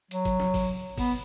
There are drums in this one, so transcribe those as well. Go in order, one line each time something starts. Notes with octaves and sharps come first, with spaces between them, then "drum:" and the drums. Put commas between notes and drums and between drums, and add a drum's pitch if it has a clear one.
F#3, drum: hi-hat
drum: kick, hi-hat
drum: snare
drum: kick, open hi-hat
B3, drum: kick, open hi-hat